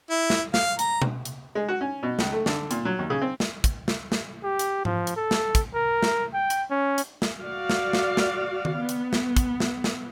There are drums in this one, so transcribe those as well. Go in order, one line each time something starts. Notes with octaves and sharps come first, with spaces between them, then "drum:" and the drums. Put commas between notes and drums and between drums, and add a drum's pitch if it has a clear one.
E4
drum: snare
F5, drum: snare
A#5, drum: hi-hat
drum: tom B2
drum: hi-hat
G#3
F#4
C#4
B2
C#2, drum: snare
A3
D3, drum: snare
A#2, drum: hi-hat
F#3
D#2
C#3
C4
drum: snare
drum: kick, hi-hat
drum: snare
drum: snare
G4
drum: hi-hat
F3, drum: tom G#2
drum: hi-hat
A4
drum: snare
drum: kick, hi-hat
A#4
drum: snare
G5
drum: hi-hat
C#4
drum: hi-hat
drum: snare
F#4 D5 F5
drum: snare
drum: snare
drum: snare
drum: tom D#3
B3
drum: hi-hat
drum: snare
drum: kick, hi-hat
drum: snare
drum: snare